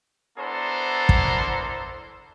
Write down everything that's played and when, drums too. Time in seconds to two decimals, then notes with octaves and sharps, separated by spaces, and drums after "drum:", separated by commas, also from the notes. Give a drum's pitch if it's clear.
0.38 B3 D4 E4 A4 A#4 C5
1.09 drum: kick